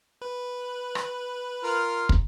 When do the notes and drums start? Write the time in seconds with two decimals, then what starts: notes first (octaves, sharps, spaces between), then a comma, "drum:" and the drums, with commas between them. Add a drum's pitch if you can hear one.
0.22 B4
0.95 drum: rim click
1.64 F4 A#4
2.09 drum: kick